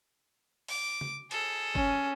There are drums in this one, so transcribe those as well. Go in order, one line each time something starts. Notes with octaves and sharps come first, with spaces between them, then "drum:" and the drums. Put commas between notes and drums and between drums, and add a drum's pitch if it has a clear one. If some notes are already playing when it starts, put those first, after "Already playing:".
D6, drum: open hi-hat
drum: tom C#3
G#4 A4, drum: cymbal
C#4, drum: kick G1